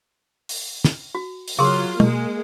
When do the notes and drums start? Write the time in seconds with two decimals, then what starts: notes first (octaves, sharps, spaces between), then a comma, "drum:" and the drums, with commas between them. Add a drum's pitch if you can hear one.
0.49 drum: open hi-hat
0.84 drum: snare
1.15 F#4
1.48 drum: open hi-hat
1.59 C#3 F#3 F4 G#4 A#4 C6
2.00 B2 G#3 A#3, drum: tom